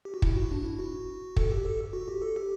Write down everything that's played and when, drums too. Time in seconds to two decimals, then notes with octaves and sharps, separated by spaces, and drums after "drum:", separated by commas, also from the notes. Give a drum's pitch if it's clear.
0.05 G4
0.14 F#4
0.22 E4, drum: kick
0.36 F#4
0.51 D4
0.65 E4
0.79 F#4
1.36 A4, drum: kick
1.51 G4
1.65 A4
1.93 F#4
2.08 G4
2.22 A4
2.36 G4